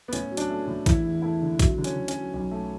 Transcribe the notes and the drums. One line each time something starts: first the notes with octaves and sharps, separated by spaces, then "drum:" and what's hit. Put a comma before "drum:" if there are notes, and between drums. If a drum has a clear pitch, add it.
B3
A2 C#4, drum: hi-hat
F#3
D4, drum: hi-hat
A3
A2
E2 E4, drum: kick A1, hi-hat
E2
A3 E4
D3
F#3, drum: kick A1, hi-hat
D3
C#4, drum: hi-hat
D3
C#4, drum: hi-hat
F#3
B1
A3